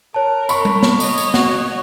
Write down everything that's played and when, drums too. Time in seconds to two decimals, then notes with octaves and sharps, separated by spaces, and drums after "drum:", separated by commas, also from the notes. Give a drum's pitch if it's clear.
0.14 A#4 C#5 A5
0.49 B5 C#6, drum: tambourine
0.65 drum: tom G3
0.83 drum: snare
1.00 C#5 D#5, drum: tambourine
1.18 drum: tambourine
1.34 F#4 C#6, drum: snare